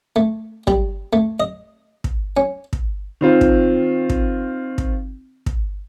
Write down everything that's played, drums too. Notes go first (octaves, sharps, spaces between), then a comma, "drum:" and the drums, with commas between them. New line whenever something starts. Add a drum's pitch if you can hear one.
A3
G3, drum: kick
A3
D#5
drum: kick
C#4
drum: kick
D#3 C4 F4
drum: kick
drum: kick
drum: kick
drum: kick